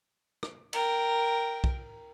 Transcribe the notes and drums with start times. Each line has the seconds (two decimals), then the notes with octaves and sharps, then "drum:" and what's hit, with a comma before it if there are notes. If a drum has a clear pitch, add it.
0.43 drum: rim click
0.73 A#4 G5, drum: cymbal
1.64 drum: kick